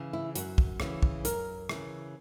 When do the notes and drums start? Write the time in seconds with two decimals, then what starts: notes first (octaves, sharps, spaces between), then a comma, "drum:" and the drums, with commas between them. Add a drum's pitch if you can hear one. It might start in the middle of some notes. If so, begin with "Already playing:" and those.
Already playing: C#3 E3
0.13 E4
0.35 F#2 F#4, drum: hi-hat
0.58 drum: kick
0.80 C#3 E3, drum: rim click
1.03 drum: kick
1.25 F#2 A#4, drum: hi-hat
1.69 C#3 E3, drum: rim click